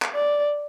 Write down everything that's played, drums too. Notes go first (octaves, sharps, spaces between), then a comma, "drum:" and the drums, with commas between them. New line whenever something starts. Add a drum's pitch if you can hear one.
drum: clap
D5